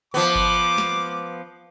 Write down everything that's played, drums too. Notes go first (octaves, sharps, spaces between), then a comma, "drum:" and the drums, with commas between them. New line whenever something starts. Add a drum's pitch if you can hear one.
F3 B3 D6
drum: kick G1
drum: snare